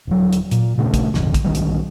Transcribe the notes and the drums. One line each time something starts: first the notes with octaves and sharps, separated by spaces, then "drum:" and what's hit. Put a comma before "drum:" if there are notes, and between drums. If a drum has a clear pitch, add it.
D#1 F#3
drum: hi-hat
A#2, drum: hi-hat
A#2 C#3 A3 D4
drum: kick, hi-hat
F1 D2 G#2 D3, drum: snare
drum: kick, hi-hat
B1 D#3 G3
drum: hi-hat